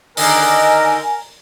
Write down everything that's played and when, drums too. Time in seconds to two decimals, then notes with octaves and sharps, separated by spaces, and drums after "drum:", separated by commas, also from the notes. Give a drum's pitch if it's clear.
0.17 D3 D#3 D#4 A#4 D#5 G#5 E6, drum: open hi-hat